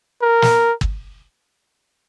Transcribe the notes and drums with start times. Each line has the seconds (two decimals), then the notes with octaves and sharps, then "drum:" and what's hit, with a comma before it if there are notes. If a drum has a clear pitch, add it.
0.22 A#4
0.42 drum: snare
0.81 drum: kick G1